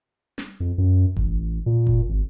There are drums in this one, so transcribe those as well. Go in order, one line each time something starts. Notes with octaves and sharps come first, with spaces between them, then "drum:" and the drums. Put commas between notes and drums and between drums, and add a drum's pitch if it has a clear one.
drum: snare
F2
F#2
A1, drum: kick F#1
A#2
drum: kick F#1
G#1